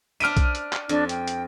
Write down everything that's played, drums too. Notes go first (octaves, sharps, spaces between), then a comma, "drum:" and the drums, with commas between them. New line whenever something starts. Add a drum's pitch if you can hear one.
D4 C5 E5 F6 D7 D#7
drum: kick B1, hi-hat
drum: hi-hat
drum: clap
F2 D4, drum: hi-hat
G5, drum: hi-hat
drum: hi-hat